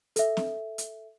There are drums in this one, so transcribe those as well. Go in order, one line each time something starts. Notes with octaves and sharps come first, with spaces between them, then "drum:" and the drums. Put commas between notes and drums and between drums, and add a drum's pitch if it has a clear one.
A4 E5, drum: hi-hat
drum: snare C4
drum: hi-hat